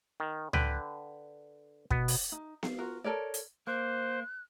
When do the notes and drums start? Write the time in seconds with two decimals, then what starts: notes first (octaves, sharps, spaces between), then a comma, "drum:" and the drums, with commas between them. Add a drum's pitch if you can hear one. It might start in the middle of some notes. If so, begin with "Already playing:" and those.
0.20 D#3
0.53 D3 B4 G5, drum: tom C#2
1.91 B2 B3, drum: kick
2.08 drum: open hi-hat
2.32 D#4
2.63 F5, drum: snare B3
2.78 F4 F#4 A#4
3.04 A4 A#4 C#5 D5
3.34 drum: hi-hat
3.67 A#3 C5 F#6